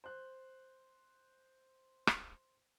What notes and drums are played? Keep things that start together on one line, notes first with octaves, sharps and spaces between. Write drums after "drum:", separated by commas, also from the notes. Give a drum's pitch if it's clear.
C5 F#6
drum: rim click